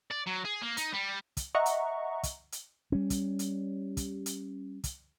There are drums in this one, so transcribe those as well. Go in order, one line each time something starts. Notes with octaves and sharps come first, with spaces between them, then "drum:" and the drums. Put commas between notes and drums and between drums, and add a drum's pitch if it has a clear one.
D5
F#3
G#4
A#3
D#4, drum: hi-hat
G3
drum: kick, hi-hat
D#5 E5 F#5 A#5 C#6
drum: hi-hat
drum: kick, hi-hat
drum: hi-hat
G3 C#4
drum: kick, hi-hat
drum: hi-hat
drum: kick, hi-hat
drum: hi-hat
drum: kick, hi-hat